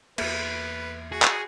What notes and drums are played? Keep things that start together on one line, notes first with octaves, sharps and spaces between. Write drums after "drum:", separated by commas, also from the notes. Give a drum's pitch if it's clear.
E2 A#3 B4 E5, drum: cymbal
F#4 G#4
drum: clap